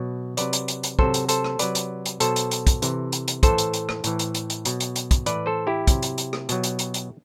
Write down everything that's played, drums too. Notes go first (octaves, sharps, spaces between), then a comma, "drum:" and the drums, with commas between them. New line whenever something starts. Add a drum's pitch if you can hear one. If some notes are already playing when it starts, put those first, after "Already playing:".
Already playing: B2 F#3
C3 F#3 B4 D5, drum: hi-hat
drum: hi-hat
drum: hi-hat
drum: hi-hat
C3 F#3 A4 C5, drum: kick
drum: hi-hat
A4 C5, drum: hi-hat
drum: rim click
C3 F#3 B4 D5, drum: hi-hat
drum: hi-hat
drum: hi-hat
B2 F#3 A4 C5, drum: hi-hat
drum: hi-hat
drum: hi-hat
drum: kick, hi-hat
C3 E3, drum: hi-hat
drum: hi-hat
drum: hi-hat
A2 E3 A4 C5, drum: kick, hi-hat
drum: hi-hat
drum: hi-hat
drum: rim click
A2 E3, drum: hi-hat
drum: hi-hat
drum: hi-hat
drum: hi-hat
B2 F#3, drum: hi-hat
drum: hi-hat
drum: hi-hat
drum: kick, hi-hat
A2 E3 B4 D5, drum: hi-hat
A4 C5
E4 G4
C3 F#3, drum: kick, hi-hat
drum: hi-hat
drum: hi-hat
drum: rim click
B2 F#3, drum: hi-hat
drum: hi-hat
drum: hi-hat
drum: hi-hat